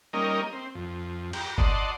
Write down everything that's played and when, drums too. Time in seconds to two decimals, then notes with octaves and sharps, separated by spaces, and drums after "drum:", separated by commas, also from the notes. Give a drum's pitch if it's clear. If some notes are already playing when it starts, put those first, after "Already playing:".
0.13 G3 A#3 C#4 D#4 A#4 D#5
0.53 C4
0.75 F2
1.33 G4 A#5, drum: cymbal
1.58 D5 D#5 F#5 A5 C6, drum: kick F#1